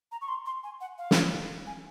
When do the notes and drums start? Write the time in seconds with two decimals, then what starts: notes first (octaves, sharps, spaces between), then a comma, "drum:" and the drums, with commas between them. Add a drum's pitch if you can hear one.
0.12 A#5
0.21 C#6
0.28 C6
0.46 C6
0.64 G#5
0.81 F#5
0.98 F5
1.11 drum: snare
1.67 G#5